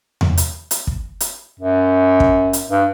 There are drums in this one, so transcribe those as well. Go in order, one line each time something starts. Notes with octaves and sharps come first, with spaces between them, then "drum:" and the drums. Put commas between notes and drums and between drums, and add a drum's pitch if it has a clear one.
drum: tom E2
drum: hi-hat
drum: hi-hat
drum: kick
drum: hi-hat
F#2
drum: kick
drum: hi-hat
G2